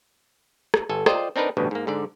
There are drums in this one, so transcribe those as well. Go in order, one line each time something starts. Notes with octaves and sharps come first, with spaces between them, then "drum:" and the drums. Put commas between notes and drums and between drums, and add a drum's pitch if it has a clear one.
drum: rim click
G1 A4 G#5
F4 C5 D5 D#5 G5, drum: rim click
C4 D4 D#4 A#4 B4
A1 D2 G2 B2
G#2 A#3
G#2 D3 D5